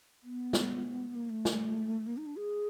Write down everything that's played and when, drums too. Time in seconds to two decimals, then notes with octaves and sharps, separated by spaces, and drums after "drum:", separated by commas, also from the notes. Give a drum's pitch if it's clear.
0.23 B3
0.53 drum: snare
1.15 A#3
1.30 A3
1.45 drum: snare
2.07 A#3
2.17 D#4
2.26 D4
2.36 G#4